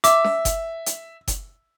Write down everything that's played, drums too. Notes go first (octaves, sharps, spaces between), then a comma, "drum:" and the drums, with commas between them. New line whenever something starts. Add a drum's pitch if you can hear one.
E5 D6, drum: hi-hat
drum: snare
drum: kick F#1, hi-hat
drum: hi-hat
drum: kick F#1, hi-hat